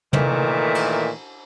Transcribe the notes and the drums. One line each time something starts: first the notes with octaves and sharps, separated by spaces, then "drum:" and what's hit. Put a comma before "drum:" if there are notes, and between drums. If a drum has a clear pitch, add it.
A#2 D#3 E3 A3, drum: tom
drum: cymbal